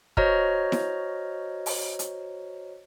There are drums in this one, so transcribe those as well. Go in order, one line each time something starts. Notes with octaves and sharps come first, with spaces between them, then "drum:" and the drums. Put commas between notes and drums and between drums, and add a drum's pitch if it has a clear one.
F#4 C5 C#5 D#5 A#5 F6, drum: kick
drum: snare E4
drum: open hi-hat
drum: hi-hat